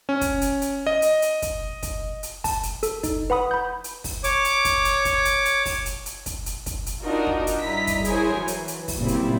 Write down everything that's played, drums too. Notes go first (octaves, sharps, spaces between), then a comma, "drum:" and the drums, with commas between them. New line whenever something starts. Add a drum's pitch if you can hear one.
C#4
drum: kick, hi-hat
drum: hi-hat
drum: hi-hat
D#5
drum: hi-hat
drum: hi-hat
drum: kick, hi-hat
drum: kick, hi-hat
drum: hi-hat
A5, drum: kick, open hi-hat
drum: hi-hat
A4, drum: hi-hat
D#4, drum: kick, hi-hat
B4 F#5 B5 D#6
B5 G6
drum: hi-hat
drum: kick, open hi-hat
C#5 D6, drum: hi-hat
drum: hi-hat
drum: kick, hi-hat
drum: hi-hat
drum: kick, hi-hat
drum: hi-hat
drum: hi-hat
drum: kick, open hi-hat
drum: hi-hat
drum: hi-hat
drum: kick, hi-hat
drum: hi-hat
drum: kick, hi-hat
drum: hi-hat
D4 D#4 F4 F#4 A#4
drum: kick
drum: hi-hat
G2 E4 D5 D#5 A#5 B6
drum: kick, hi-hat
E4 G#4 A#4 C5 C#5 G#5, drum: hi-hat
E3 F#3
drum: hi-hat
drum: hi-hat
drum: kick, open hi-hat
A#2 C#3 F#3 G3 C4 E4
drum: hi-hat